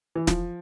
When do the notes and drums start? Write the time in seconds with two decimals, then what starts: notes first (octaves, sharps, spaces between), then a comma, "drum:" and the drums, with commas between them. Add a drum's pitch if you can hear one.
0.15 E3
0.27 F3, drum: snare